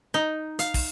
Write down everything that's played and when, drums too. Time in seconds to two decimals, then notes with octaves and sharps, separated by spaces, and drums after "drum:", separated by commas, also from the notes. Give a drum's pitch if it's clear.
0.14 D#4
0.59 F5, drum: hi-hat
0.74 drum: kick, open hi-hat